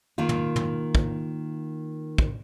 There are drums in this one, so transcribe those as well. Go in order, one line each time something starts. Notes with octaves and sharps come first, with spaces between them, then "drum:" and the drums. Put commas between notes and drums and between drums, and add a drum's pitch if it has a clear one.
D#3 A#3 F4
drum: tom
drum: tom
drum: kick
drum: kick